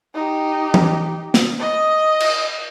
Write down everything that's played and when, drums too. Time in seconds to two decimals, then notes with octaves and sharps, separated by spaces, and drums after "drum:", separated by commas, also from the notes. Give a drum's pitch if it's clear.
0.14 D#4 G4
0.74 drum: tom E3
1.34 drum: snare
1.59 D#5
2.20 drum: cymbal